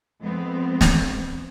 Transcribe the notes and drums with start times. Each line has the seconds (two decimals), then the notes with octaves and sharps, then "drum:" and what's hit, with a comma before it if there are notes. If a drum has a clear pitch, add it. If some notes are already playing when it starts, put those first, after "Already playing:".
0.21 F2 G#3 B3 C4
0.81 drum: snare